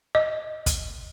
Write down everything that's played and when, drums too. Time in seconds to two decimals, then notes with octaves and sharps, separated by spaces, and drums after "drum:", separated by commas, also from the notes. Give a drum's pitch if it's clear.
0.15 D#5
0.66 drum: kick, hi-hat